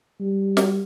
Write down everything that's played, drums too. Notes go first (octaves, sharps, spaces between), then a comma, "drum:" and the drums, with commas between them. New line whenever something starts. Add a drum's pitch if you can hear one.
G3
drum: snare